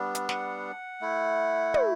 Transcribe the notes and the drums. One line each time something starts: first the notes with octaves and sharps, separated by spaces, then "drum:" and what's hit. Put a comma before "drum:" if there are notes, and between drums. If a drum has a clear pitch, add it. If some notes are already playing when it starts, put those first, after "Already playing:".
Already playing: G3 B3 D4
drum: hi-hat
F#5, drum: snare
A3 E4
drum: tom